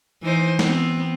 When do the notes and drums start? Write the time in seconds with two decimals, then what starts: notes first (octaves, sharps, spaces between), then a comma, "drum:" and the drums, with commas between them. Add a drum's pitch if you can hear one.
0.23 E3 D#4 C5
0.59 B3 C4, drum: snare